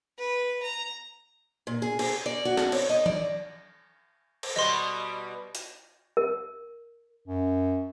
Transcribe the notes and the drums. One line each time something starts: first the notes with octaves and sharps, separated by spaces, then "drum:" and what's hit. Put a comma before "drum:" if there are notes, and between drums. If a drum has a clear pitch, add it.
B4
A#5
A#2
G#4
G#4, drum: cymbal
D5
F#4
drum: snare
C#5, drum: cymbal
D#5
D5, drum: tom E3
drum: cymbal
B2 G3 B3 D#5 C6
drum: hi-hat
A#4
F#2